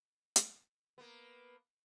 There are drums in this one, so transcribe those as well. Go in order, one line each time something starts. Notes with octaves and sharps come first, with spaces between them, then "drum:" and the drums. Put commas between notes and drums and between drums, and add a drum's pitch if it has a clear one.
drum: hi-hat
A#3 B3